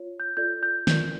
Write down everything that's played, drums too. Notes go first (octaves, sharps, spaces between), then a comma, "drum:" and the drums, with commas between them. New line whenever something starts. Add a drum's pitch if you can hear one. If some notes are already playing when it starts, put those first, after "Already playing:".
Already playing: F4 C#5
G6
F4 A4 D5 G6
G6
F4 A#4 D5 G6, drum: snare